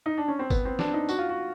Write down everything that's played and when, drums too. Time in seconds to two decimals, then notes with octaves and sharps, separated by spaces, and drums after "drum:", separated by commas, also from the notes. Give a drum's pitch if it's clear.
0.06 D#4
0.18 D4
0.28 C#4
0.39 C4
0.50 B3, drum: kick, tambourine
0.65 C4
0.79 D4, drum: snare
0.94 D#4
1.09 F#4, drum: tambourine
1.18 F4
1.29 F#4